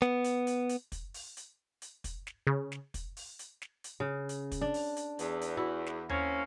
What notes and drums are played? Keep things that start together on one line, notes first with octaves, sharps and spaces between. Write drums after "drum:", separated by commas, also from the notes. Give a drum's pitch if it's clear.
B3, drum: snare
drum: hi-hat
drum: hi-hat
drum: hi-hat
drum: kick, hi-hat
drum: open hi-hat
drum: hi-hat
drum: hi-hat
drum: kick, hi-hat
drum: snare
C#3
drum: snare
drum: kick, hi-hat
drum: open hi-hat
drum: hi-hat
drum: snare
drum: hi-hat
C#3
drum: hi-hat
drum: kick, hi-hat
D4
drum: open hi-hat
drum: hi-hat
E2, drum: hi-hat
drum: hi-hat
E4 F#4
drum: snare
A#3 C4 C#4, drum: tom D#2